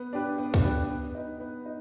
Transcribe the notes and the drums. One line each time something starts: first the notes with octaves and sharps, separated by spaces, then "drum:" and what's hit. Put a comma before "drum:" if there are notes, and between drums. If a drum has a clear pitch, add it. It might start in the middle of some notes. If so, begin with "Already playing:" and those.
Already playing: B3
D4 G4 B4
B3
drum: kick C#2
D4 G4 B4
B3
D#4 B4
B3
D#4